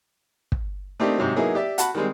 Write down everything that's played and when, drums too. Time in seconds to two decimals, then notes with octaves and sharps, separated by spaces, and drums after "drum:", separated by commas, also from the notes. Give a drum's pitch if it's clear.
0.52 drum: kick
1.00 A3 A#3 C4 D4 D#4 G4
1.18 G#2 C3 F#3
1.36 F#3 A#3 B3 D#4 E4 G#4
1.55 G4 D5 E5
1.78 F#4 F#5 A5 B5, drum: hi-hat
1.95 D#3 G3 G#3 C4